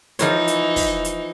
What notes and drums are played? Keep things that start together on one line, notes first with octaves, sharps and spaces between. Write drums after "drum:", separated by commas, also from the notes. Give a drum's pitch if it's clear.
E3 F3 D#4 A#4 C#5, drum: hi-hat
drum: hi-hat
drum: kick, open hi-hat
drum: hi-hat